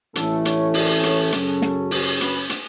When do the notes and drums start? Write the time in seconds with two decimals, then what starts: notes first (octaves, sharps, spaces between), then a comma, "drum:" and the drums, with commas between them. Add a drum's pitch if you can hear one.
0.15 A1 A2 E3 A3 C#4 A4, drum: hi-hat
0.45 C#5, drum: hi-hat
0.74 D5, drum: open hi-hat
1.03 C#5, drum: hi-hat
1.32 F#2 C#3 F#3 C#4 A4, drum: hi-hat
1.62 drum: snare
1.91 drum: open hi-hat
2.21 B4, drum: hi-hat
2.49 drum: hi-hat